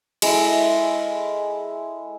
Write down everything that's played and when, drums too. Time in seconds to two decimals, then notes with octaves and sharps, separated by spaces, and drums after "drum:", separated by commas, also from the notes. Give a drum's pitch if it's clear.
0.22 G#3 E4 A4, drum: cymbal